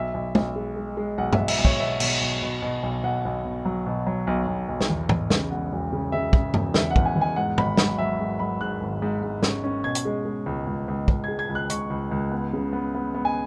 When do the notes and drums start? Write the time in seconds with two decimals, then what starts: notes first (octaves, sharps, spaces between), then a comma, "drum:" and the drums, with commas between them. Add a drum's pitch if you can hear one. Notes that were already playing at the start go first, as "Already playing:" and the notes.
Already playing: B1 E5
0.14 B1
0.35 B1, drum: tom
0.56 G#3
0.76 G#3
0.97 G#3
1.18 B1 F#5
1.33 E5, drum: tom G2
1.38 B1
1.48 E5, drum: cymbal
1.58 B1
1.65 C#5, drum: kick
1.80 B2 E5
2.00 B2, drum: cymbal
2.21 B1
2.42 B2
2.62 B2
2.83 B1
3.03 B1 F#5
3.25 B1
3.45 B2
3.65 F#3
3.87 B2
4.07 F#3
4.27 B1
4.47 B1
4.69 B1
4.81 drum: snare
4.90 E2
5.09 E2, drum: tom G#2
5.30 C#3, drum: snare
5.51 E1 F#5
5.72 E1
5.93 C#3
6.12 C#3 E5
6.33 C#3, drum: kick
6.54 E1, drum: tom G2
6.74 E2 E5, drum: snare
6.91 F#5
6.96 E2, drum: kick
7.05 G#5
7.16 E2
7.21 G#5
7.36 G#2 F#5
7.58 G#1 B5, drum: tom G#2
7.77 F#3 B5, drum: snare
7.98 F#3 E5
8.20 G#2
8.39 F#3 B5
8.61 G#2 F#6
8.81 G#1
9.02 G#2
9.23 G#2
9.43 C#4, drum: snare
9.64 C#4
9.84 B2 G#6
9.95 drum: hi-hat
10.05 G#3
10.25 G#3
10.46 C#2
10.67 C#2
10.88 C#2
11.08 C#2, drum: kick
11.24 G#3 G#6
11.39 G#6
11.49 C#2
11.55 F#6
11.70 C#2 C#6, drum: hi-hat
11.90 C#2
12.11 C#2
12.32 B3
12.53 C#3
12.73 B3
12.95 B3
13.14 B3
13.25 G#5